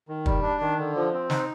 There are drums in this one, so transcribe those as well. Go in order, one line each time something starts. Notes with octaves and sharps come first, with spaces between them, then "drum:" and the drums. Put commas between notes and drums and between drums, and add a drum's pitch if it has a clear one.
D#3
G3, drum: kick
D4
D#3
D3
F3
C4
D#4, drum: snare